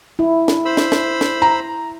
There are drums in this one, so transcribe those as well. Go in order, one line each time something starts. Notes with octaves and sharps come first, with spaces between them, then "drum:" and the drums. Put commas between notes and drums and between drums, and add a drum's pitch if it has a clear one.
E4
drum: snare
C5 B5 E6
drum: snare
drum: snare
drum: snare
A#5